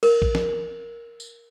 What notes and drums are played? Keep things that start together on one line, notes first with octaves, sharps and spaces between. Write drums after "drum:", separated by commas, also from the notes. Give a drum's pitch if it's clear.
A#4, drum: cymbal
drum: kick A#1
drum: snare
drum: tambourine